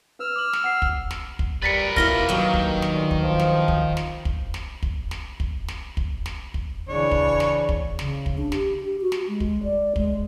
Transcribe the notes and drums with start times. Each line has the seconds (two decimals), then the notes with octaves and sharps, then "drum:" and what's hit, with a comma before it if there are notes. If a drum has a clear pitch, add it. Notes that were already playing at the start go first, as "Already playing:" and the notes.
0.20 B4 E6 F6
0.36 D6 F#7
0.53 drum: snare
0.64 F#5 C7
0.82 drum: kick
1.11 drum: snare
1.39 drum: kick
1.63 G3 A#4 B4 A6 B6 C#7
1.96 B2 A#3 E4 F4 F6 A#6 G7, drum: kick
2.29 G2 D#3 F#3
2.54 drum: kick
2.82 drum: snare
2.92 A#2
3.11 drum: kick
3.21 F3
3.39 drum: snare
3.68 drum: kick
3.97 drum: snare
4.25 drum: kick
4.54 drum: snare
4.83 drum: kick
5.11 drum: snare
5.40 drum: kick
5.68 drum: snare
5.97 drum: kick
6.26 drum: snare
6.54 drum: kick
6.88 C#3 E3 D4 C#5
7.11 drum: kick
7.40 drum: snare
7.69 drum: kick
7.99 C#3, drum: snare
8.26 drum: kick
8.38 D4
8.52 G4, drum: snare
8.80 G4
9.01 F#4
9.12 drum: snare
9.28 G#3
9.40 drum: kick
9.63 D5
9.96 G#3, drum: kick